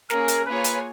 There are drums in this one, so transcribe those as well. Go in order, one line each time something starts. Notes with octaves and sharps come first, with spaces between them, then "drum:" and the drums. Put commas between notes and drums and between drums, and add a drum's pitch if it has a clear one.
A#3 C#4 G#4 A#4, drum: snare
drum: hi-hat
A#3 F4 G#4 B4 C#5 G#5
drum: hi-hat